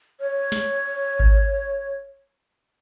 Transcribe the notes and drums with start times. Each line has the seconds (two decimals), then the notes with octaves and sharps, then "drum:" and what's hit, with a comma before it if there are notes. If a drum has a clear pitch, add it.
0.21 C#5
0.52 drum: snare
1.20 drum: kick G#1